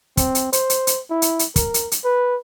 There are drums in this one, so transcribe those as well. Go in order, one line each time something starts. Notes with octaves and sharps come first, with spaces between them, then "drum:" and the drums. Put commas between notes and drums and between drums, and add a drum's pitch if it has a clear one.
C4, drum: kick, hi-hat
drum: hi-hat
C5, drum: hi-hat
drum: hi-hat
drum: hi-hat
E4
drum: hi-hat
drum: hi-hat
A#4, drum: kick, hi-hat
drum: hi-hat
drum: hi-hat
B4